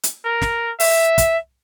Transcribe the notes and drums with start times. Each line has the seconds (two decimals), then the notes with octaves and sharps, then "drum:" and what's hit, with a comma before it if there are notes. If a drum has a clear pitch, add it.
0.03 drum: hi-hat
0.25 A#4
0.42 drum: snare
0.80 E5, drum: open hi-hat
1.18 drum: kick, hi-hat